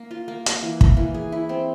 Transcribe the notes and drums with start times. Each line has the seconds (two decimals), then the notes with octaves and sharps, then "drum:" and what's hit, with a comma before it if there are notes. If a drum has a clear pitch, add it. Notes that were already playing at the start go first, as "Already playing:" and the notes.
Already playing: A#3
0.11 F4
0.28 A#3
0.46 A#3, drum: hi-hat
0.62 E3
0.81 A#3, drum: kick
0.97 E3
1.14 G#4
1.32 E4
1.49 C4